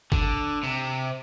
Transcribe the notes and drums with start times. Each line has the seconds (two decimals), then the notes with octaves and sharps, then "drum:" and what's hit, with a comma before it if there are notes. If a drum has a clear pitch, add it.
0.12 D3, drum: kick G1
0.63 C3